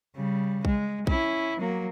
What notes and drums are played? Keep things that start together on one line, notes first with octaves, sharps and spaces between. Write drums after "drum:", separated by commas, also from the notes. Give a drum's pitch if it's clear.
C#3 G3
G#3, drum: kick A#1
C#4 E4, drum: kick A#1
F#3 A#3